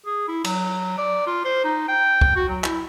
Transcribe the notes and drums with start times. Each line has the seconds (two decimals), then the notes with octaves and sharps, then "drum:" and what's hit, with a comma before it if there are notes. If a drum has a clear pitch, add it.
0.06 G#4
0.28 E4
0.44 F#3, drum: cymbal
0.98 D5
1.27 F4
1.45 C5
1.64 D#4
1.88 G5
2.21 drum: kick
2.36 F#4
2.49 F#3
2.64 E4, drum: clap